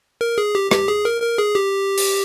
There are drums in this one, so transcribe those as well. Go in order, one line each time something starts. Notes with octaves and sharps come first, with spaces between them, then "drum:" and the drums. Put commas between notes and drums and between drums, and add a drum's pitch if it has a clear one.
A#4
G#4
G4
G4, drum: rim click
G#4
A#4
A#4
G#4
G4
drum: open hi-hat